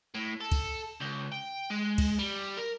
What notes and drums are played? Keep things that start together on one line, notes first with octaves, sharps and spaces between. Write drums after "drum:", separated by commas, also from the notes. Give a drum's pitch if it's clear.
A2
A4
drum: kick, cymbal
C#2
G5
G#3
drum: kick, cymbal
G3
A#4